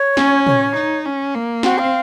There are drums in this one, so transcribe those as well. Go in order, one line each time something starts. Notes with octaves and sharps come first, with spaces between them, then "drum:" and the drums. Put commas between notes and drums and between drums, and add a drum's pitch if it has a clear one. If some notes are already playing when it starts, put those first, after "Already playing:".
Already playing: C#5
C#4, drum: snare
C#5, drum: tom
D#4
C#4
A#3
C4 F#4, drum: snare
F5